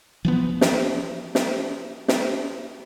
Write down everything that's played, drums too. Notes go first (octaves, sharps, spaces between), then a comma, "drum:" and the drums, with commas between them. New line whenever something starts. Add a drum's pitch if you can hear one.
E3 F3 B3
drum: snare
drum: snare
drum: snare